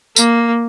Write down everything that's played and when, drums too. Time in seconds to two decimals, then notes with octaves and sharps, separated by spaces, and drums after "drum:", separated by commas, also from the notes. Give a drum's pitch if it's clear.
0.16 A#3, drum: tambourine